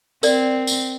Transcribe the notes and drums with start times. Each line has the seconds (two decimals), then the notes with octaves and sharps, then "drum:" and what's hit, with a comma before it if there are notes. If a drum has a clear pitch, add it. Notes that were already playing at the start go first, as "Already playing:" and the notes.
0.23 C4 A#4 D5, drum: tambourine
0.67 drum: tambourine